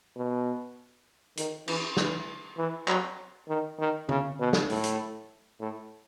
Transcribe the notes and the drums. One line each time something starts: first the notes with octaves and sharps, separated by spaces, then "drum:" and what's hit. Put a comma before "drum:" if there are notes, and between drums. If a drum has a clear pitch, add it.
B2
D#3, drum: hi-hat
E3, drum: cymbal
E3, drum: snare
E3
F#3, drum: clap
D#3
D#3
C#3, drum: tom D3
B2
drum: snare
A2, drum: open hi-hat
drum: hi-hat
A2